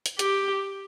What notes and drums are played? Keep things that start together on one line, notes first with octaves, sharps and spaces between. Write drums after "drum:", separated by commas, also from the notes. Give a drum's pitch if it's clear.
drum: hi-hat
G4, drum: hi-hat